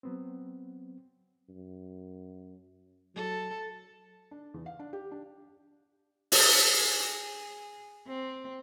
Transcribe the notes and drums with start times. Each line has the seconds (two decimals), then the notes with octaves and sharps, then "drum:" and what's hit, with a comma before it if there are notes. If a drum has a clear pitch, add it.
0.03 F#3 B3 C4
1.49 F#2
3.16 F#3 A4
4.31 D4
4.54 E2
4.66 F5
4.79 D4
4.93 G4
5.12 D4
6.32 drum: open hi-hat
6.67 G#4
8.07 C4